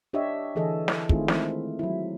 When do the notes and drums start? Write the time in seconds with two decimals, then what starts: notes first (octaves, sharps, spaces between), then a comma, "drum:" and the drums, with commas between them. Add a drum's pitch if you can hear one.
0.13 D4 G4 C#5 D#5 E5
0.55 D3 E3 G#4 A4 D#5
0.88 E4, drum: snare
1.09 D#3 A3 C4 E4 F4 G#4, drum: kick
1.28 G#3 C4 E4, drum: snare
1.79 F#3 E4